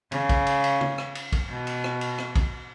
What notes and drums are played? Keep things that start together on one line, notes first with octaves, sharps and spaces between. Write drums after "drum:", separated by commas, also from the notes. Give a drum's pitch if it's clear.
C#3, drum: cymbal
drum: kick, cymbal
drum: cymbal
drum: cymbal
drum: tom
drum: rim click
drum: cymbal
drum: kick, cymbal
B2
drum: cymbal
drum: rim click
drum: cymbal
drum: rim click
drum: kick, cymbal